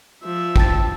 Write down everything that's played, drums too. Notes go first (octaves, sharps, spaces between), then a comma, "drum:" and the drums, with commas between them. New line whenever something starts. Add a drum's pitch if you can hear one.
F3 E5
G5 A5 A6, drum: kick